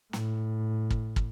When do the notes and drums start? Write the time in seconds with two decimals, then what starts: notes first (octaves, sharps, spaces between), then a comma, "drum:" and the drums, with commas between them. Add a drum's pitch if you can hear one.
0.13 A2, drum: snare
0.90 drum: kick
1.16 drum: kick